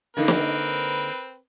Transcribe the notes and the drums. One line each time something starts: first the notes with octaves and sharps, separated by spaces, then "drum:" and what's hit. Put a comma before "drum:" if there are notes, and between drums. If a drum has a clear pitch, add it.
D3 A#3 C4 D#4 A#4 B4
drum: snare